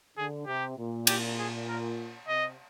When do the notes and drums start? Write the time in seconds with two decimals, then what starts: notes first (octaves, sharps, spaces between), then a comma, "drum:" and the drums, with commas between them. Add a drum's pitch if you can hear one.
0.17 D3 G#4
0.46 C3 G4
0.78 A#2
1.07 G4, drum: cymbal
1.38 G#4
1.68 A#4
2.28 C3 D#5